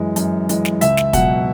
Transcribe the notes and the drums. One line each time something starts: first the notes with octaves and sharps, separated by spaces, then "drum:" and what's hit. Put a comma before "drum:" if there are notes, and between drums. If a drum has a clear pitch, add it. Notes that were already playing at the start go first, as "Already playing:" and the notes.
Already playing: F#2 E3 G#3
F#2, drum: hi-hat
E3 G#3, drum: hi-hat
drum: snare
C#2 E5, drum: hi-hat
drum: snare
B2 F#3 F#5, drum: kick, hi-hat